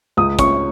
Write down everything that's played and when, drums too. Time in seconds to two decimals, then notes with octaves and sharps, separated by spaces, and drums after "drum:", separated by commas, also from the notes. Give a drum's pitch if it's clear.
0.17 C#2 D#6
0.39 C#4 C#6, drum: kick, hi-hat